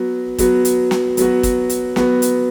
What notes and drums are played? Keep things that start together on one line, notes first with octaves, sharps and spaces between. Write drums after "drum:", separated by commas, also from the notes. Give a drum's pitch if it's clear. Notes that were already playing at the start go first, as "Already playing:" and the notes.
Already playing: F#3 B3 F#4
F#3 B3 F#4, drum: kick, hi-hat
drum: hi-hat
drum: snare
F#3 B3 F#4, drum: hi-hat
drum: kick, hi-hat
drum: hi-hat
F#3 B3 F#4, drum: snare
drum: hi-hat